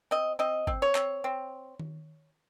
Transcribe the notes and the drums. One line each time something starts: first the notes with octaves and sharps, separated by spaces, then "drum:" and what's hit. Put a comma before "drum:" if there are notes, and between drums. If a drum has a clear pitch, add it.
C4 D#5
C4 D#5
C4, drum: kick
C#5
C4, drum: clap
C4
drum: tom D#3